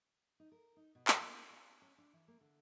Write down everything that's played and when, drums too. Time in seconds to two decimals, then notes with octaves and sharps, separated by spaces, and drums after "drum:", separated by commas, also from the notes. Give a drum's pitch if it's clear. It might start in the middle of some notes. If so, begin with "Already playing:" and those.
0.40 D#4
0.52 A#4
0.77 D#4
0.95 B2
1.08 drum: clap
1.21 A#3
1.51 F5
1.82 C#4
1.98 D4
2.13 E3
2.28 A#3
2.41 D3